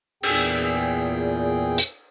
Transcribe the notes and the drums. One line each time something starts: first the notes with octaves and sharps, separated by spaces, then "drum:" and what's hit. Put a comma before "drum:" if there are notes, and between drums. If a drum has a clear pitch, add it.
E2 A#2 G#4 G5, drum: cymbal
drum: hi-hat